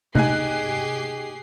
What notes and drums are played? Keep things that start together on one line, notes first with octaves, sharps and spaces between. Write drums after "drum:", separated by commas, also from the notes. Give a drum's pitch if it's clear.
D#4 G4 G#4 G#5 F#6 C7, drum: tom C3